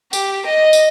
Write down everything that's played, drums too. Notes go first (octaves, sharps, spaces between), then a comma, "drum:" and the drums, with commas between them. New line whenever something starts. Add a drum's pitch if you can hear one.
G4, drum: tambourine
D#5
drum: tambourine